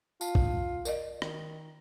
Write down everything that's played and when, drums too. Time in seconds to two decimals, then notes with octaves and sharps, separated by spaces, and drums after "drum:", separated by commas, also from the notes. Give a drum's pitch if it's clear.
0.21 F4 A5, drum: tambourine
0.35 drum: kick B1
0.85 A#4 D5 D#5, drum: tambourine
1.22 D#3, drum: rim click